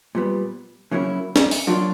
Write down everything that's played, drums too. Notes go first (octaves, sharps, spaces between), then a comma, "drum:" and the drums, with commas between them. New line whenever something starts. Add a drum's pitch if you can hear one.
A#2 G3 B3
C#3 F#3 A#3 C#4 E4
drum: snare
drum: open hi-hat
A#2 F#3 A#3 D4 F4